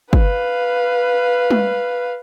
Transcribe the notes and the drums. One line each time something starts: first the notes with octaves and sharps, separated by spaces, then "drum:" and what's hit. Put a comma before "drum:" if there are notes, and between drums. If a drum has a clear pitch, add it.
B4 F5, drum: kick
drum: tom G3